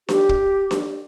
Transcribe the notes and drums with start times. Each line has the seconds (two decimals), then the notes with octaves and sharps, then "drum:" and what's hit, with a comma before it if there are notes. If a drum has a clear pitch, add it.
0.09 G4, drum: snare D4
0.29 drum: kick
0.71 drum: snare D4